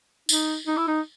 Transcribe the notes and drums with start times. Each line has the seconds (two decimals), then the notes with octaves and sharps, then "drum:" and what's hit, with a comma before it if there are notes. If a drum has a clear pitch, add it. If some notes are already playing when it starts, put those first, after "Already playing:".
0.29 D#4, drum: tambourine
0.67 D#4
0.77 E4
0.88 D#4